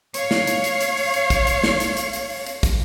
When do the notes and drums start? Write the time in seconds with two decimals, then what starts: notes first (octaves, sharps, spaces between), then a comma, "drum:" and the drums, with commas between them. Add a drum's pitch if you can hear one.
0.14 C#5 F5, drum: hi-hat
0.31 drum: snare
0.47 drum: hi-hat
0.64 drum: hi-hat
0.81 drum: hi-hat
0.97 drum: open hi-hat
1.14 drum: hi-hat
1.30 drum: kick, hi-hat
1.47 drum: hi-hat
1.64 drum: snare
1.80 drum: hi-hat
1.97 drum: hi-hat
2.13 drum: hi-hat
2.30 drum: open hi-hat
2.47 drum: hi-hat
2.63 drum: kick, hi-hat